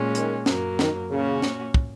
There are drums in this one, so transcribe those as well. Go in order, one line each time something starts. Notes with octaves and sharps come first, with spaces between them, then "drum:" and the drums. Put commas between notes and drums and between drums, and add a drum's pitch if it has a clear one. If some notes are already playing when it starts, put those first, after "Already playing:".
Already playing: A#2 G#3 C#4
D#3, drum: hi-hat
F#2 F#3 A#3, drum: snare
D#3, drum: snare
A#2 C#3 A#3 C#4 F#4
drum: snare
drum: kick